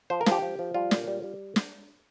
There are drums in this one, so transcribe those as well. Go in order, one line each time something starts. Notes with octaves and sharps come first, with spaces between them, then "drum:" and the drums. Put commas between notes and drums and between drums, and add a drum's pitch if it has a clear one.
F3 C5
A#4
F3, drum: snare
G4
F3
F3
G3 F4
A#2, drum: snare
G3
G3
drum: snare